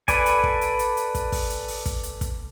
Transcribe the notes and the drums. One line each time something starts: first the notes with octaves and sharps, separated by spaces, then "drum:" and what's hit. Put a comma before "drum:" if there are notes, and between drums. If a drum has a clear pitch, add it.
A4 B4 D5 G#5, drum: kick, hi-hat
drum: hi-hat
drum: kick
drum: hi-hat
drum: hi-hat
drum: hi-hat
drum: kick, hi-hat
drum: kick, open hi-hat
drum: hi-hat
drum: open hi-hat
drum: kick, hi-hat
drum: hi-hat
drum: kick, hi-hat